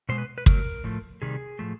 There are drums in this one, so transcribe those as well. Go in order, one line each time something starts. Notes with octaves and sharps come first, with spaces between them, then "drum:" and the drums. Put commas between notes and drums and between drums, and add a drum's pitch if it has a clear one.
B2 G#3 C5
B4
B4
C#3 F#3 A3 A#4, drum: kick
A2 F3 A3
C3 D#3 G3 G#4
A2 F3 A3